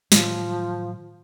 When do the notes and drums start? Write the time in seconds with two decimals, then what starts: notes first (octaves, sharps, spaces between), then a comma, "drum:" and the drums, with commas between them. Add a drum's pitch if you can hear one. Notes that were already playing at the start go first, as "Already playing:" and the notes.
0.12 A2 D#3 F3 F#3, drum: snare